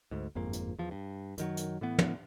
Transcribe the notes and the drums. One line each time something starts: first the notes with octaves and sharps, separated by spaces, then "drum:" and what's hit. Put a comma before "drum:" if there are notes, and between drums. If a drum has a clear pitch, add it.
D2 G#2
G1 F2 G#2 A#3
drum: hi-hat
E2 F3
G2
F#2 D#3 F#3, drum: hi-hat
drum: hi-hat
A2 E3 B3
drum: tom